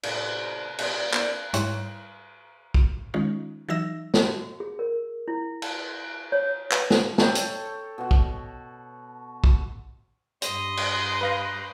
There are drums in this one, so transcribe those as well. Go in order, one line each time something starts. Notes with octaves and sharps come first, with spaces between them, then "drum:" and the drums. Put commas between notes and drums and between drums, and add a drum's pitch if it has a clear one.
A2 C3 G3 C#4 C5 A5, drum: cymbal
A#2 F3 G3 C#4 E4 G#4, drum: cymbal
C4 D4 E4 A#4 D5, drum: clap
G#2 G3 E4 C#5 G5 C6, drum: hi-hat
drum: kick
D#3 G#3 C#4 D#4 F4
E3 F#3 D#4 E5 E6 A#6
drum: snare
F#4
G#4
A#4
E4
A5, drum: cymbal
C#5
B4, drum: clap
drum: snare
A4 C#5 G5, drum: snare
drum: hi-hat
B2 F#4
drum: kick
drum: kick
G2 D#5 C6, drum: hi-hat
drum: cymbal
B4 F5 A#6